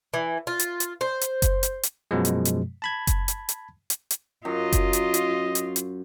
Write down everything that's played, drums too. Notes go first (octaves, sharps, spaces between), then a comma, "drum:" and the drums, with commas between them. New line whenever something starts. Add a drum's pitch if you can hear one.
E3
F4
drum: hi-hat
drum: hi-hat
C5
drum: hi-hat
drum: kick F#1, hi-hat
drum: hi-hat
drum: hi-hat
F#2 B2 F3 G#3
drum: hi-hat
drum: hi-hat
A5 B5 G#6
drum: kick F#1, hi-hat
drum: hi-hat
drum: hi-hat
drum: hi-hat
drum: hi-hat
F#2 F4 D#5
drum: kick F#1, hi-hat
drum: hi-hat
drum: hi-hat
drum: hi-hat
drum: hi-hat